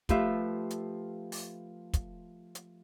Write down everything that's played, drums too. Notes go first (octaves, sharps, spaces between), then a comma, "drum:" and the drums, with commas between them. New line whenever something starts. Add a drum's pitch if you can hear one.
F3 A3 F4 G4 B4 E5, drum: kick, hi-hat
drum: hi-hat
drum: open hi-hat
drum: kick, hi-hat
drum: hi-hat